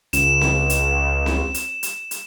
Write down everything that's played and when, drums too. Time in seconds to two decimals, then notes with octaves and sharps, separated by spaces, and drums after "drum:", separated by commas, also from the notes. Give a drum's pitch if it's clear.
0.13 C#2 E7, drum: hi-hat
0.41 drum: snare C4
0.70 drum: hi-hat
1.26 drum: snare C4
1.54 drum: hi-hat
1.83 drum: hi-hat
2.11 drum: hi-hat